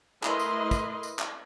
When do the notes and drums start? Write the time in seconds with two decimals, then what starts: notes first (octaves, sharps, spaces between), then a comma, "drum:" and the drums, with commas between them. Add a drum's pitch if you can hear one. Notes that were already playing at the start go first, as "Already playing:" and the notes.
0.24 A3 E4 A#4 B4 D#5 C6, drum: clap
0.39 drum: tambourine
0.71 drum: kick, tambourine
1.03 drum: tambourine
1.19 drum: clap